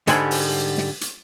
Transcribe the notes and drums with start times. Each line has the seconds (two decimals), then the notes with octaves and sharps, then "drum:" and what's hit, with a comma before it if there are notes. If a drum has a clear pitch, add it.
0.07 G#2 D3 G3 C5 G#5 B5, drum: hi-hat
0.31 drum: open hi-hat
0.78 drum: snare
1.01 drum: hi-hat